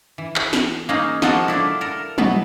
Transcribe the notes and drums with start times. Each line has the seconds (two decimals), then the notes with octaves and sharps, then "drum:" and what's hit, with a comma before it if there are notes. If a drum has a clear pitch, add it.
0.18 E3
0.36 drum: clap
0.53 drum: snare
0.89 A#3 C#4 D#4 G#4 C5
1.22 F3 G#3 A#3 F#4 A4, drum: snare
1.48 A3 A#3 D4 E4
1.81 A4 A#4
2.18 B2 E3 F#3 B3, drum: tom F#3